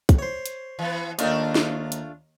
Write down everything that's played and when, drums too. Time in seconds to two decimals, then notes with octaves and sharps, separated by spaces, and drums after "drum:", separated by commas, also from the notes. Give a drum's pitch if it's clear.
0.09 drum: kick, hi-hat
0.19 C5 C#5
0.46 drum: hi-hat
0.79 E3 B3
1.19 D#2 D#3 A3 D4 F4, drum: hi-hat
1.55 drum: snare
1.92 drum: hi-hat